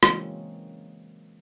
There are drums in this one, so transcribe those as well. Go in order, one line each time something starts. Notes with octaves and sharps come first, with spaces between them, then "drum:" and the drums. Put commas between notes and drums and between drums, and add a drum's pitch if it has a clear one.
C#3 E3 F#3 G#3 A#3 C4, drum: rim click